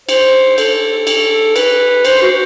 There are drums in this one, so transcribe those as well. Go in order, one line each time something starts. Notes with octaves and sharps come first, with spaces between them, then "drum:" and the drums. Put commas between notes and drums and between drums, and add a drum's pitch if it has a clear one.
C5, drum: cymbal
A4, drum: cymbal
drum: cymbal
B4, drum: cymbal
C5, drum: cymbal
F#4